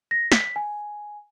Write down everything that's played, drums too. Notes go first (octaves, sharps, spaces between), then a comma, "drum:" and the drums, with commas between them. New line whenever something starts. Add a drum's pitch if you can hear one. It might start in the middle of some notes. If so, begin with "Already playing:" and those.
A#6
B6, drum: snare
G#5